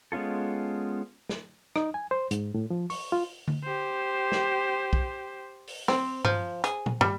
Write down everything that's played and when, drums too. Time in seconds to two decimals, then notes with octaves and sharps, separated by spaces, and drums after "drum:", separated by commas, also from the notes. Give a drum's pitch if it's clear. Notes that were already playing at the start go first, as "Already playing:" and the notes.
0.12 G#3 B3 C#4 F4 A4
1.29 drum: snare
1.76 D#4, drum: rim click
1.94 G#5
2.11 C5
2.31 G#2, drum: hi-hat
2.54 A2
2.70 F3
2.90 C#6, drum: open hi-hat
3.12 F4
3.48 drum: tom D3
3.64 G4 C5
4.32 drum: snare
4.93 drum: kick
5.67 drum: open hi-hat
5.88 C4, drum: snare
6.25 F3, drum: tom G2
6.64 G#4, drum: hi-hat
6.86 drum: tom
7.01 G3, drum: tom